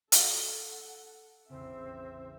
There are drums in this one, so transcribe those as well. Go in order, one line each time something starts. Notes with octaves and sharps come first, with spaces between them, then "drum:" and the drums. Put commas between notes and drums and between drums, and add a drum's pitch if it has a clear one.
F#4 A4 F5 F#5, drum: hi-hat
A1 E2 C#3 C4 E5